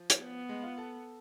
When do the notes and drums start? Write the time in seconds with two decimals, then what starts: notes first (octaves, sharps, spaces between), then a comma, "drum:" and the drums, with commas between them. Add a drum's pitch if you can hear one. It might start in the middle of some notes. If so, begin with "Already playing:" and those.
Already playing: F3
0.10 drum: hi-hat
0.21 B3
0.49 G#3
0.63 F4
0.78 A4